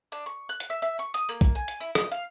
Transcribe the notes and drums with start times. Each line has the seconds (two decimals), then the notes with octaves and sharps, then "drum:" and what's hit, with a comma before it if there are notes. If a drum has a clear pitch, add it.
0.12 D4
0.26 C#6
0.49 F#6
0.60 drum: hi-hat
0.70 E5
0.82 E5
0.99 C#6
1.14 D#6, drum: hi-hat
1.29 A#3
1.41 drum: kick, hi-hat
1.55 G#5
1.68 drum: hi-hat
1.80 E4
1.95 D#5, drum: rim click
2.12 F5